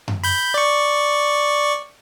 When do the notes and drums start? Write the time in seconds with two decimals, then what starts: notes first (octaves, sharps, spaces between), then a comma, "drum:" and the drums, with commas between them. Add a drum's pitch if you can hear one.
0.08 drum: tom F#2
0.24 B5 G6, drum: open hi-hat
0.54 D5 C#6